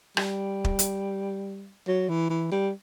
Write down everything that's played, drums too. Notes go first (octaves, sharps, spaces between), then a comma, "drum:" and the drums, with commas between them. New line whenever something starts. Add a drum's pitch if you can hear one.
G3, drum: rim click
drum: kick
drum: hi-hat
F#3
E3
E3
G3